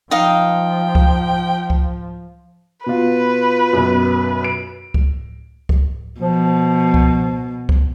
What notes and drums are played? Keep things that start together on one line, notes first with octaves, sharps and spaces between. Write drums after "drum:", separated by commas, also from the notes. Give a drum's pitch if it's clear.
F3 D#4 F5 G5
drum: kick C#2
drum: kick C#2
B2 F4 B4
B1 F#2
D7
drum: kick C#2
drum: kick C#2
B2 F3
drum: kick C#2
drum: kick C#2